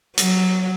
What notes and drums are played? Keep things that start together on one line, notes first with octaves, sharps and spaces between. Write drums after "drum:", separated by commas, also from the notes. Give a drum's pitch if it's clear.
F#3, drum: hi-hat